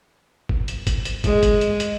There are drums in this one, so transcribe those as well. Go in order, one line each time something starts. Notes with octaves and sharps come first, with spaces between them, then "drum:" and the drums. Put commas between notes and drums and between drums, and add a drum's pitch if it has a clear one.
drum: kick
drum: hi-hat
drum: kick, hi-hat
drum: hi-hat
G#3, drum: kick, hi-hat
drum: kick, hi-hat
drum: hi-hat
drum: hi-hat